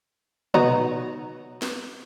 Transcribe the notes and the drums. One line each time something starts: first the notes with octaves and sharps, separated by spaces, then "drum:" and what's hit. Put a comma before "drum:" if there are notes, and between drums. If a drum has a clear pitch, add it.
F#3 B3 D#4, drum: tom
drum: snare